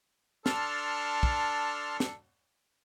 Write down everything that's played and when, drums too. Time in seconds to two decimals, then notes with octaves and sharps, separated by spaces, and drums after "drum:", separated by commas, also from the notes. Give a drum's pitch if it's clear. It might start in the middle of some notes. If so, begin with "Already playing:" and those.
0.46 D4 A4 A5 C6 F6, drum: snare
1.23 drum: kick
2.00 drum: snare